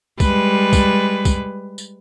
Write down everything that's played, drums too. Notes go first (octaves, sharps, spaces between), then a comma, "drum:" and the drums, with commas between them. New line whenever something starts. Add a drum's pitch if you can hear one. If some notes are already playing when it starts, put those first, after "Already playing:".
G3 G#3 B4, drum: kick, tambourine
drum: kick, tambourine
drum: kick, tambourine
drum: tambourine